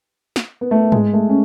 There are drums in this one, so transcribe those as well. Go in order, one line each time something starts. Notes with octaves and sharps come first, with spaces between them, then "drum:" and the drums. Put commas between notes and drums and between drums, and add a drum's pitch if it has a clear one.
drum: snare
B3
A3
G#3, drum: tom G#2
A3
C#4